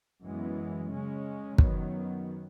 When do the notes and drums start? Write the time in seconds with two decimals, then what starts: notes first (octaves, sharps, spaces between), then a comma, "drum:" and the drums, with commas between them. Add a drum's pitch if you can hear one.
0.23 F#2 E3 G#3 B3
0.91 C#3 G#3 C#4
1.58 F#2 D#3 F#3 B3, drum: kick